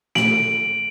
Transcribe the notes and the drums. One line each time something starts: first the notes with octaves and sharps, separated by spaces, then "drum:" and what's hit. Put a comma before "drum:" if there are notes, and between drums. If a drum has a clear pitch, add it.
D7 F#7, drum: snare